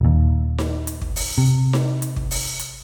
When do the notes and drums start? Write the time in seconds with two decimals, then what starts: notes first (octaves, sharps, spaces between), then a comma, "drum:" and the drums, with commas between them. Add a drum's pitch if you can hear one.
0.01 D#1 D#2
0.58 drum: snare D#4
0.87 drum: hi-hat
1.02 drum: kick
1.16 drum: open hi-hat
1.38 C3
1.73 drum: snare D#4
2.02 drum: hi-hat
2.16 drum: kick
2.31 drum: open hi-hat
2.59 drum: hi-hat